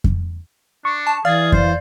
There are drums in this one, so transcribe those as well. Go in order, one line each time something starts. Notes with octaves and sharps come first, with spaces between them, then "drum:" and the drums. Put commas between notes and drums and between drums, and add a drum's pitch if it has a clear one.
drum: kick F2
D4 C#6
A5
E3 G#4 D5 F5
C5, drum: kick F2